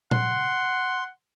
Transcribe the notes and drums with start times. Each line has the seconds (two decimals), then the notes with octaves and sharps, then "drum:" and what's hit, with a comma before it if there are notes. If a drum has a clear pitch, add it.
0.11 F#5 C6, drum: tom A#2